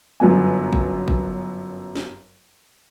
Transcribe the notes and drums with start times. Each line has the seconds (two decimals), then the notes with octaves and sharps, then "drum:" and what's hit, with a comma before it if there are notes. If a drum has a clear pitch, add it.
0.20 G1 F#2 F#3 B3 G#5
0.73 drum: kick
1.08 drum: kick
1.95 drum: snare